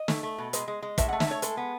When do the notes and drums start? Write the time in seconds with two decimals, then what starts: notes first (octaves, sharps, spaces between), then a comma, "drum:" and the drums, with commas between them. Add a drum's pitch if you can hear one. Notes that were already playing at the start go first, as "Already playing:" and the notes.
Already playing: D#5
0.08 A3, drum: snare
0.23 A3
0.38 B2
0.53 G#3, drum: hi-hat
0.68 G#3
0.82 G#3
0.98 A2 E5, drum: kick, hi-hat
1.08 F#5
1.13 A3
1.20 E5, drum: snare
1.27 A3 C#5
1.42 G#3 A4, drum: hi-hat
1.57 B3